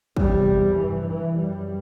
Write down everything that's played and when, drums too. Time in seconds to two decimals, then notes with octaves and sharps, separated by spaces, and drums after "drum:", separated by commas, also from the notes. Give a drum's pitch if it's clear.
0.17 E2 C3 G3, drum: kick
0.77 G2 E3
1.08 E3
1.38 F#2 G3